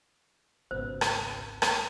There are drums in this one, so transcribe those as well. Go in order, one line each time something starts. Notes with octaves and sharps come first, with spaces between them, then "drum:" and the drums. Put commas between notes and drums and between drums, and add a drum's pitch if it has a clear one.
G#1 C#2 B2 B3 C5
drum: rim click
drum: rim click